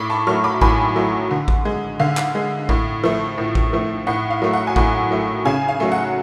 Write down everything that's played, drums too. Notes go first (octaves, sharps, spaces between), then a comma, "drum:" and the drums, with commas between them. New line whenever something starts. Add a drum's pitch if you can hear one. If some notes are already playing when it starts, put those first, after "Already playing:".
Already playing: A2 B5 D6
A5 C#6
F#3 A3 C#6 F6
B5 D6
A2 G#5 B5, drum: kick A1
F#3 A3
D3
drum: kick A1
G#3
D3 F5
drum: clap
G#3
A2, drum: kick A1
F3 A3
A2
drum: kick A1
F3 A3
A2 F#5
F5
F#3 A3
F#5
G#5
A2 F#5, drum: kick A1
F#3 A3
C#3 F5 G#5
F5
F#3 A3
F#5